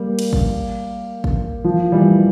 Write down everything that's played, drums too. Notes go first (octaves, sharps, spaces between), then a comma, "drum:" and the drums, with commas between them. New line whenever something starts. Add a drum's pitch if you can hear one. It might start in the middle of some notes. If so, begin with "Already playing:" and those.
Already playing: G3 A#3
drum: cymbal
drum: kick A1
drum: kick A1
F3
E3 G3